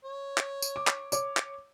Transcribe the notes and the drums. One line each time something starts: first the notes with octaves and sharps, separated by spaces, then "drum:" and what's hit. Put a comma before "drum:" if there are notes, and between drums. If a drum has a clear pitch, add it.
C#5
drum: clap
drum: tambourine
D6
drum: clap
C#5 D6, drum: tambourine
drum: clap